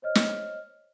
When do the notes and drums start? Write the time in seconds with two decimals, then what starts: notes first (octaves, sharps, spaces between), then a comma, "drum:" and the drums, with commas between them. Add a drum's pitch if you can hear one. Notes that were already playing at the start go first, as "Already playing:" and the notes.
0.02 C5 C#5 D#5 F6
0.15 drum: snare